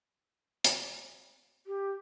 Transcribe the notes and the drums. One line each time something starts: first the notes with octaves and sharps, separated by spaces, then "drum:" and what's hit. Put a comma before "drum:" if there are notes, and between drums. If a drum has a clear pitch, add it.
drum: hi-hat
G4